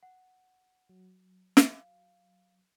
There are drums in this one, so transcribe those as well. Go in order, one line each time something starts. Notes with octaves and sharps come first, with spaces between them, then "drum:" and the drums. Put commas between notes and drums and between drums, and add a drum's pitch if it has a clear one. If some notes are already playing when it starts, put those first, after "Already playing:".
F#5
F#3
F5, drum: snare